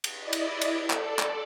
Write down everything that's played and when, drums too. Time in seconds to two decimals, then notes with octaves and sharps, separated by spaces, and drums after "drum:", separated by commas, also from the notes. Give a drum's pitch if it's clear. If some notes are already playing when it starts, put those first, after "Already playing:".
0.04 drum: cymbal
0.19 E4 D5 D#5
0.33 drum: cymbal
0.61 drum: cymbal
0.90 A4 D5, drum: clap
1.19 drum: clap